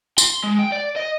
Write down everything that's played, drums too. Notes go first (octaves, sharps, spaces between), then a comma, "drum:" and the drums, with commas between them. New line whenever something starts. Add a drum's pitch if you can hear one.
C6, drum: tambourine
G#3
G5
D5
D#5